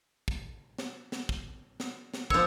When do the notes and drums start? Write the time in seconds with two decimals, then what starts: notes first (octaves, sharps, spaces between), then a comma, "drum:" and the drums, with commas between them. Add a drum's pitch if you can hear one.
0.28 drum: kick
0.78 drum: snare
1.12 drum: snare
1.29 drum: kick
1.80 drum: snare
2.14 drum: snare
2.30 F3 C#5 E6, drum: kick